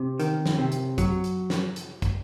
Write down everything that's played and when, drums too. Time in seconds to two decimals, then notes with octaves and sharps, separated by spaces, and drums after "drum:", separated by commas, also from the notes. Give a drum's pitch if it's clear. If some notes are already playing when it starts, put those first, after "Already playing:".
Already playing: C3
0.20 D#3, drum: hi-hat
0.46 drum: snare
0.58 C3
0.72 drum: hi-hat
0.98 F#3, drum: kick, hi-hat
1.24 drum: hi-hat
1.50 drum: snare
1.76 drum: hi-hat
2.02 drum: kick, hi-hat